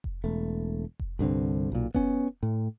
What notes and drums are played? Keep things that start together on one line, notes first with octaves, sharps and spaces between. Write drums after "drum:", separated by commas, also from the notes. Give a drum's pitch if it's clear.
drum: kick F1
E1 A3
drum: kick F1
C2 G2 D3 C4
B1 A#2
B3 C#4, drum: kick F1
A2